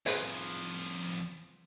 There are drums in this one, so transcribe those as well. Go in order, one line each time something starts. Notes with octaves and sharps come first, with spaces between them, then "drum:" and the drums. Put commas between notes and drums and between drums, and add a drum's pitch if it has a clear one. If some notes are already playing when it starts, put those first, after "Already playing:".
C2 F3 G#4 B4 C5, drum: hi-hat